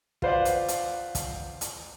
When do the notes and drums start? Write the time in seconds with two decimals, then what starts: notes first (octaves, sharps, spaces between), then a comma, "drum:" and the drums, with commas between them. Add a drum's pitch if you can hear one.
0.22 F4 B4 C5 D5 F5 F#5, drum: kick
0.45 drum: hi-hat
0.68 drum: hi-hat
1.15 drum: kick, hi-hat
1.61 drum: hi-hat